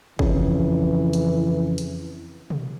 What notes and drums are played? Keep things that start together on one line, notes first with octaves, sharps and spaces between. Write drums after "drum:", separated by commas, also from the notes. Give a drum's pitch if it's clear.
F2 C#3 E3, drum: kick
drum: hi-hat
drum: hi-hat
drum: tom